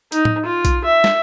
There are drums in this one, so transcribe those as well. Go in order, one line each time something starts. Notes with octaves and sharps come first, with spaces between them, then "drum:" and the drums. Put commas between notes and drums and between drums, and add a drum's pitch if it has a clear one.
D#4, drum: hi-hat
drum: tom A2
F4
drum: kick B1, hi-hat
E5
drum: snare